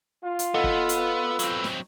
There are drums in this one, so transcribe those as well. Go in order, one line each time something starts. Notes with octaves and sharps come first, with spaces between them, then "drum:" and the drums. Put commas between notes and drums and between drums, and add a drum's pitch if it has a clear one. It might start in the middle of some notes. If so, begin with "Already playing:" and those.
F4
drum: hi-hat
B3 A4 B4 D#5 F#5 E6
drum: kick
drum: hi-hat
F#3 C4, drum: hi-hat
drum: snare